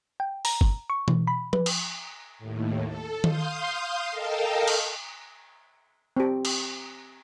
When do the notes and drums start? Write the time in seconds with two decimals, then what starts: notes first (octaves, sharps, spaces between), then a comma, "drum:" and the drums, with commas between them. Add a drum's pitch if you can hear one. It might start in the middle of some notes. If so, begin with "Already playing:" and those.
0.20 G5
0.45 A#5, drum: open hi-hat
0.61 drum: kick G1
0.90 C#6
1.08 E3, drum: tom B2
1.27 B5
1.53 B4, drum: tom F3
1.66 drum: cymbal
2.39 D#2 A2
2.85 A4
3.24 F5 C6 D#6 G6, drum: tom D#3
4.11 A4 A#4 D#5 F5 G5 A5
4.68 drum: cymbal
6.17 C4 G4
6.45 drum: cymbal